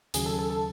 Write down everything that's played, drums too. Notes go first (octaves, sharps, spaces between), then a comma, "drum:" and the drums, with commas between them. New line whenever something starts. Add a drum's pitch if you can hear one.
D#2 C#3 F#3 G#4, drum: hi-hat
A4
A4
A4